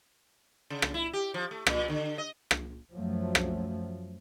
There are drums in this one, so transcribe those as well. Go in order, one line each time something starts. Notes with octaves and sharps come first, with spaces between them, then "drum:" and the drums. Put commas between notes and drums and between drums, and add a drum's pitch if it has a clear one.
C#3
drum: rim click
E4
G4
F3
A3
A#2, drum: rim click
D3
D#5
drum: rim click
F#2 F3 F#3 A3
drum: rim click